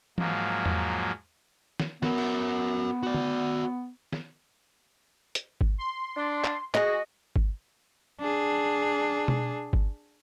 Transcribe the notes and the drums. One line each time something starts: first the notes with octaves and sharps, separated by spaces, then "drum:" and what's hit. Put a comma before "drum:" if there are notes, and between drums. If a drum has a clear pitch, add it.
G#2 F3 F#3 A#3, drum: tom E3
drum: tom E2
drum: snare
B3 F#4 A#4, drum: snare
drum: cymbal
F#4 D5
drum: tom
drum: snare
drum: hi-hat
drum: kick G1
C6
D4
drum: clap
F#4 G#4 D#5, drum: clap
drum: kick G1
D4 G#4
drum: tom B2
drum: kick G1